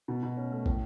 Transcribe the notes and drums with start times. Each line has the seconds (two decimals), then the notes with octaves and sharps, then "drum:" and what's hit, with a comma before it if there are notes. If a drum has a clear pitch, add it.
0.08 B2
0.23 B2
0.37 C#4
0.52 A3
0.66 A2, drum: kick